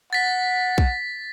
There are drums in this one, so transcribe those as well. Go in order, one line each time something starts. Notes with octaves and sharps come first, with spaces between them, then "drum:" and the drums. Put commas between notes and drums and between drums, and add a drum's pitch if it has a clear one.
F#5 A6 B6
drum: kick